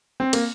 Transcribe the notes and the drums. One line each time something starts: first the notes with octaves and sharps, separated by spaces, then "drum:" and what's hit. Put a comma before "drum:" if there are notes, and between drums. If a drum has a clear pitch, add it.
C4
A#3, drum: cymbal